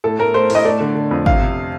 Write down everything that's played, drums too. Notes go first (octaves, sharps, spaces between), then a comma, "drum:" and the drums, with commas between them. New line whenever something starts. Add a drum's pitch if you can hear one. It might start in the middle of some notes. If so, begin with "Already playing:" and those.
A2 A4
A2 A#4
A3 C5
A2, drum: open hi-hat
D#5
A3 D5
D3
D3
F2
C3 F5, drum: kick
C3